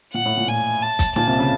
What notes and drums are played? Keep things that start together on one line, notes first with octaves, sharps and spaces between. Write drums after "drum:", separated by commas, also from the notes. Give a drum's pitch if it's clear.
A#2 F#5
A2
A#2
A#2 G#5
A5
drum: kick, hi-hat
A#2 A5, drum: snare
C2 C3
C#3